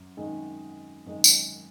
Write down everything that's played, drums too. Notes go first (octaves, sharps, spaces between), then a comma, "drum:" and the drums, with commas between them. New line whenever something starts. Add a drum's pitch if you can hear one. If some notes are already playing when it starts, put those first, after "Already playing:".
Already playing: F#2
F#2 D#3 G#3 D#4 G#4
F#2 D#3 G#3 D#4 G#4
drum: tambourine